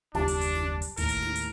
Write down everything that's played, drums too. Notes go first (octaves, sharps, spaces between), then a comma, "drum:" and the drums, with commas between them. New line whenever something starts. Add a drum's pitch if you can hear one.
F#1 D#2 G3 D4 G4 A5, drum: snare
drum: hi-hat
drum: hi-hat
drum: snare
drum: hi-hat
D#2 A2 A#4, drum: kick, hi-hat
drum: hi-hat
drum: snare
drum: hi-hat